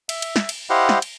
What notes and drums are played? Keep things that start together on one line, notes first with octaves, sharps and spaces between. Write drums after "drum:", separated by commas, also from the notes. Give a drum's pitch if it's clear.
E5, drum: cymbal
drum: cymbal
drum: snare
drum: cymbal
E4 G4 C5 D#5 F5 F#5
drum: snare
drum: cymbal